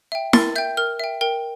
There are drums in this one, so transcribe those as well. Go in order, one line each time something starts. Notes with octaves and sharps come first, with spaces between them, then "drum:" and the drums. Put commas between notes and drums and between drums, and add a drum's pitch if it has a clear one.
E5 G5
A#4 A6, drum: snare
E5 G5 G6
A#4 F6
E5 G5
A#4 G5